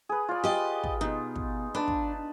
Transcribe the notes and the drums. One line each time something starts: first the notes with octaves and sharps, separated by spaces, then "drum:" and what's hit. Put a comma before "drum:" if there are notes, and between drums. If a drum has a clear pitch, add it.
G#4 B4
F4 D5
G4 D#5
drum: kick
B2 D#4
drum: kick
D4 B4 A5
drum: kick